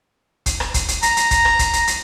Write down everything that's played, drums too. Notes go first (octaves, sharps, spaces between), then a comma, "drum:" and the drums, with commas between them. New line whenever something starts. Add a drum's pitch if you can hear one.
drum: kick, hi-hat
drum: rim click
drum: kick, hi-hat
drum: hi-hat
A#5, drum: hi-hat
drum: hi-hat
drum: kick, hi-hat
drum: rim click
drum: kick, hi-hat
drum: hi-hat
drum: hi-hat